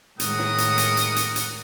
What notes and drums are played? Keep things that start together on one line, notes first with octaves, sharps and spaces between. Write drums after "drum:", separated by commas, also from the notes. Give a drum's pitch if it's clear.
A2 D#3 G#3 A#4 F#5 D#6, drum: hi-hat
drum: snare
drum: hi-hat
drum: hi-hat
drum: hi-hat
drum: hi-hat
drum: hi-hat